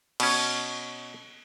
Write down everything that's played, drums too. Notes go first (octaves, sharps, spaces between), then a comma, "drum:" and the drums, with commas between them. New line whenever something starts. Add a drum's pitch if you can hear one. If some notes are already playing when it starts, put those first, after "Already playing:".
B2 C#4, drum: cymbal